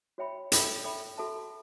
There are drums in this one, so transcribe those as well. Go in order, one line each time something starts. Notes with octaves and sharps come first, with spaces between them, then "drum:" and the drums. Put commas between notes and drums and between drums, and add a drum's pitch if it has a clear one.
F#4 C#5 E5 G5 B5
A4 E5 G5 B5, drum: hi-hat
A4 E5 G5 B5
F#4 A4 E5 A5